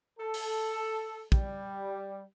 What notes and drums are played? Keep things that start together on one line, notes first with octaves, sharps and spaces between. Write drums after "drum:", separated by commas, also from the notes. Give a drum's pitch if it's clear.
A4
drum: open hi-hat
G3, drum: kick